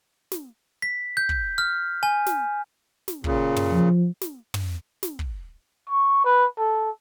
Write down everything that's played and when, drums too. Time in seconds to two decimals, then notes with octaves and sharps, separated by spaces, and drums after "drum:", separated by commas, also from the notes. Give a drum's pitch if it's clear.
0.32 drum: snare
0.82 B6
1.17 G6
1.29 drum: kick
1.58 F6
2.03 G#5
2.26 drum: snare
3.08 drum: snare
3.24 A#2 C#3, drum: kick
3.56 drum: tom
3.71 F3
4.21 drum: snare
4.54 drum: tom
5.03 drum: snare
5.19 drum: kick
5.90 C#6
6.25 B4
6.58 A4